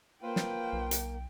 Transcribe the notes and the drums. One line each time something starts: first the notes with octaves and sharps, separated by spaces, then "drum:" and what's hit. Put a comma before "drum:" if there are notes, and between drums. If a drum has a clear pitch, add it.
A#3 F4 B4 C5 G5
drum: snare
B1
drum: hi-hat